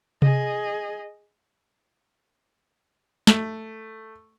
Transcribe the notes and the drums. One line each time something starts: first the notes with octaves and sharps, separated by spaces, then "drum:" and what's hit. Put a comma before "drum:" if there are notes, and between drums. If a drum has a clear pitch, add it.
G#4 D#5, drum: tom C3
A3, drum: snare